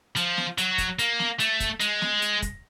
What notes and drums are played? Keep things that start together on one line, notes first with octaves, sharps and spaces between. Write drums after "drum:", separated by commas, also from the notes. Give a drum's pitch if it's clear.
F3, drum: hi-hat
drum: snare
F#3, drum: hi-hat
drum: kick, hi-hat
A#3, drum: hi-hat
drum: snare
A3, drum: hi-hat
drum: kick, hi-hat
G#3, drum: hi-hat
drum: snare
drum: hi-hat
drum: kick, hi-hat